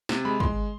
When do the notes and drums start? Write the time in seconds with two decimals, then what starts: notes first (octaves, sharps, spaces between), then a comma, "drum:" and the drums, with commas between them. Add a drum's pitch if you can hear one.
0.09 C3, drum: snare
0.25 G#3 B5
0.40 G#3 C6, drum: kick